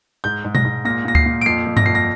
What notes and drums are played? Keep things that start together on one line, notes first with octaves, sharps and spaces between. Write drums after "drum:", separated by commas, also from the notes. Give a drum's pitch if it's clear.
G#2 G6
G#2
A#6, drum: tom B2
G#2
A#2 A#6
A#2 A#6
C7, drum: kick D2
A#2
D7
F2 C7
F2
A#6, drum: tom G2
F2 C7
A#6